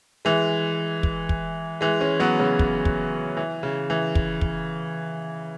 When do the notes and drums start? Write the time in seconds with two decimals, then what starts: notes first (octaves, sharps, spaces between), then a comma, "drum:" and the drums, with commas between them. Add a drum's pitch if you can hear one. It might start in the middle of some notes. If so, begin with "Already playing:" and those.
0.25 E3 G#3
1.03 drum: kick
1.29 drum: kick
1.81 E3 G#3
2.01 G#3 C#4
2.20 F#3 B3
2.40 C#3 F#3
2.59 drum: kick
2.85 drum: kick
3.37 E3
3.63 C#3
3.90 E3
4.15 drum: kick
4.41 drum: kick